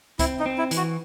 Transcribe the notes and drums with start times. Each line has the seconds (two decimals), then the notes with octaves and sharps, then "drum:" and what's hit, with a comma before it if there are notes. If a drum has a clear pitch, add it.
0.19 C4 E4, drum: kick C#2, hi-hat
0.39 D#4
0.46 C4
0.58 E4
0.71 E3, drum: hi-hat
0.77 F#4